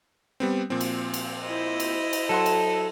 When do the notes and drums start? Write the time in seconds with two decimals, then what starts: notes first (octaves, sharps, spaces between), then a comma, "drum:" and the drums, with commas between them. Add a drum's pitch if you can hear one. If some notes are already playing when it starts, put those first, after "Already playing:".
0.40 G3 B3 C4
0.70 A#2 F3 C4
0.81 drum: cymbal
1.14 drum: cymbal
1.43 E4 C5 D#5
1.80 drum: cymbal
2.13 drum: cymbal
2.29 F#3 A4 F#5 C6
2.46 drum: cymbal